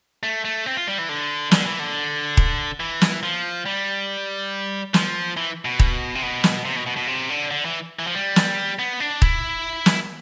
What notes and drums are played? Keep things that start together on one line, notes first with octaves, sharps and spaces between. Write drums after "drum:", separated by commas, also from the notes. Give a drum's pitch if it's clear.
A3
A3
C4
F4
G3
E3
D3
D3, drum: snare
E3
D3
drum: kick D#1
E3
drum: snare
F3
G3
F3, drum: snare
E3
B2
drum: kick D#1
C3
B2
drum: snare
C3
B2
B2
B2
C3
D3
D3
E3
E3
F3
G3
drum: snare
B3
D4
E4, drum: kick D#1
drum: snare